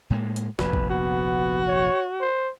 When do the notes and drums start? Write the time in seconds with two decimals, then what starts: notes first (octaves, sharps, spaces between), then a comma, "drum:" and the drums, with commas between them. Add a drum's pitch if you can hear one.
0.10 A2 G#3 A#3
0.36 drum: hi-hat
0.59 F1 A#1 F2 B4, drum: snare
0.73 drum: kick
0.90 B3 F#4
1.68 C#5
2.21 C5